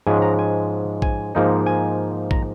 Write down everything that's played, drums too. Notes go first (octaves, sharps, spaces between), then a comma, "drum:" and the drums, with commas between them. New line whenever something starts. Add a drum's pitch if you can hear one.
G#2 F3 G#3 C#4 G#5
A#5
G#5
G#5, drum: kick
G#2 F3 A#3 D#4
G#5
A#5, drum: kick